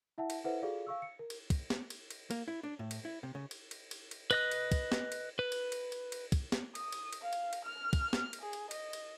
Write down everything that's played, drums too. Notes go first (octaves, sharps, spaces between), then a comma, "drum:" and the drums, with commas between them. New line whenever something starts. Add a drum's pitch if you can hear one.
E4 E5 F#5 A5
drum: cymbal
E4 A4 B4 C5 E5 F#5
F4 F#4 G#4 A4 D5 F5
F5 C#6 E6
C#7
A#4
drum: cymbal
drum: kick, cymbal
drum: snare
drum: cymbal
drum: cymbal
A#3, drum: cymbal
E4
D4
A2
drum: cymbal
E4
C3
C#3
drum: cymbal
drum: cymbal
drum: cymbal
drum: cymbal
B4 D#5 F#6, drum: cymbal
drum: cymbal
drum: kick, cymbal
drum: snare
drum: cymbal
B4
drum: cymbal
drum: cymbal
drum: cymbal
drum: cymbal
drum: kick, cymbal
drum: snare
D#6, drum: cymbal
drum: cymbal
drum: cymbal
F5
drum: cymbal
drum: cymbal
F6
drum: kick, cymbal
drum: snare
drum: cymbal
G#4
drum: cymbal
D#5, drum: cymbal
drum: cymbal